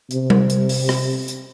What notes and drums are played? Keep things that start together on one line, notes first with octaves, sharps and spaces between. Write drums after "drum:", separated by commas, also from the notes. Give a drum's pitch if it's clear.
C3, drum: hi-hat
drum: tom G3
drum: hi-hat
drum: open hi-hat
drum: rim click
drum: hi-hat